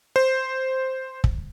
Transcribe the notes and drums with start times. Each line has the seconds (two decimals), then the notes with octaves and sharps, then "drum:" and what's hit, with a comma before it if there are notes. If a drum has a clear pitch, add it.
0.16 C5
1.24 drum: kick